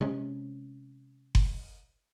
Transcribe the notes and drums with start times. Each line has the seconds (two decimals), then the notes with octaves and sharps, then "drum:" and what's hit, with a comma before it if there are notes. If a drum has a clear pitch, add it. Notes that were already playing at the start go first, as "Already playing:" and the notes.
0.01 C3 G#3 C#4
1.35 drum: kick F#1